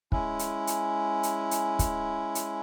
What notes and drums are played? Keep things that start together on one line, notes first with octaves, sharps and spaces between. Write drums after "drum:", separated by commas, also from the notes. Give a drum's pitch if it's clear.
G#3 C#4 E4, drum: kick
drum: hi-hat
drum: hi-hat
drum: hi-hat
drum: hi-hat
drum: kick, hi-hat
drum: hi-hat